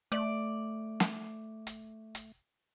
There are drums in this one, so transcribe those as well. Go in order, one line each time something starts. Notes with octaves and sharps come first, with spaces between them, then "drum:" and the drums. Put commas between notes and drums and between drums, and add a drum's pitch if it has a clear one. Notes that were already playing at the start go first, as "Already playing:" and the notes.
A3 D5
drum: snare
drum: hi-hat
drum: hi-hat